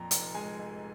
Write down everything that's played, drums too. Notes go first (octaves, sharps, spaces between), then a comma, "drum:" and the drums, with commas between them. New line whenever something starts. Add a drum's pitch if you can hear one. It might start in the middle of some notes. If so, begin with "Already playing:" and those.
Already playing: F2 A#2 A#5
F1, drum: hi-hat
G#3 G#5
F1